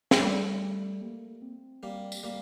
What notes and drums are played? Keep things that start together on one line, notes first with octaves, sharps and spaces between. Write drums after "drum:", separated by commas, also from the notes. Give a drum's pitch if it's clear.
A#3, drum: snare
G3 A3
A#3
C4
G3 A#3
drum: tambourine
G3 A#3